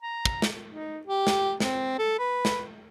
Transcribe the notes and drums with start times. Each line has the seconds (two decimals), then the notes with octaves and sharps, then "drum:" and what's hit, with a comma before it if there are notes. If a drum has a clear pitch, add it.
0.02 A#5
0.25 drum: kick
0.42 drum: snare
0.69 D#4
1.07 G4
1.27 drum: snare
1.60 C4, drum: snare
1.99 A4
2.19 B4
2.45 drum: snare